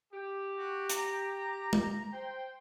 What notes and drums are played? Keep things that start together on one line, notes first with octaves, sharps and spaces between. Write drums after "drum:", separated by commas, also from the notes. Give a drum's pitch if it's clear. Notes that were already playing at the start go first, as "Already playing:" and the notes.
G4
F#4
A#5, drum: hi-hat
drum: tom G#3
C5 G5